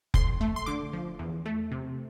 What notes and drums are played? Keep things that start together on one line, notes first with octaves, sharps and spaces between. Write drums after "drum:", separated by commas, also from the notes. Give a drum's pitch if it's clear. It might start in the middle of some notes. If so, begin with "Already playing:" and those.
F2 C6, drum: kick F1
A3
C6
D3 D6
F3
E2
A3
C3